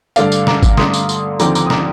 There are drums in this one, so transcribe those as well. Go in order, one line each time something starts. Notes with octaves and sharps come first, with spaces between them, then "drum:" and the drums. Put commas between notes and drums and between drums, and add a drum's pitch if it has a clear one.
G2 D3 A3 D5 F5, drum: tambourine
drum: tambourine
A#5 D6, drum: snare
drum: kick G#1, tambourine
G2 D3 A3 C6 D#6, drum: snare
drum: tambourine
drum: tambourine
D#2 D3 F3 C4 A#5 D6, drum: tambourine
A#5 D6, drum: tambourine
D#6
A#5 D6, drum: snare